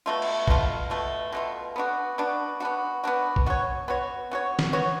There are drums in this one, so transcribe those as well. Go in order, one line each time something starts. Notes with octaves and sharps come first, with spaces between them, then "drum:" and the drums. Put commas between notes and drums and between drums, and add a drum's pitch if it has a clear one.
B2 A3 F4
drum: cymbal
B2 A3 F4, drum: kick A#1
B2 A3 F4
B2 A3 F4
B3 D4 F#4
B3 D4 F#4
B3 D4 F#4
B3 D4 F#4
drum: kick A#1
B3 F#4 C#5
B3 F#4 C#5
B3 F#4 C#5
drum: snare
B3 F#4 C#5